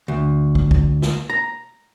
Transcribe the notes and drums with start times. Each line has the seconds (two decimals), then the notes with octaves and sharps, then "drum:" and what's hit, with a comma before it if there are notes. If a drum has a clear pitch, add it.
0.08 D2
0.55 drum: kick
0.71 drum: kick
1.02 drum: snare
1.30 A#5